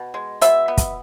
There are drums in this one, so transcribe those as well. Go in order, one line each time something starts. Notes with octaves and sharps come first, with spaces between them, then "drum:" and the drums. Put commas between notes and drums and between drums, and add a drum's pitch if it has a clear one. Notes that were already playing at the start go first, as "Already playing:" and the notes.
Already playing: B2
G#3
B2 E5, drum: hi-hat
B3
drum: kick, hi-hat